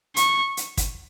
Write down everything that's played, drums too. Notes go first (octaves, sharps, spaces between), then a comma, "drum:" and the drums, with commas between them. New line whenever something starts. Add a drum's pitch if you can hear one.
C#6, drum: hi-hat
drum: hi-hat
drum: kick, hi-hat